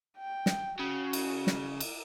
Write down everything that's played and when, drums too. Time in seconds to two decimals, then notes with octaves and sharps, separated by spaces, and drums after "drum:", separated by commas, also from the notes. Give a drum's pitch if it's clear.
0.18 G5
0.46 drum: snare
0.80 C#3 F#4
1.13 drum: cymbal
1.47 drum: snare
1.80 drum: cymbal